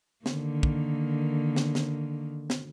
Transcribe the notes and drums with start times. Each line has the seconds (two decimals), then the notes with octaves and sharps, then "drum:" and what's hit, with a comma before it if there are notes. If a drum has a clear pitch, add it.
0.26 D3 D#3 A#3, drum: snare
0.63 drum: kick
1.56 drum: snare
1.75 drum: snare
2.50 drum: snare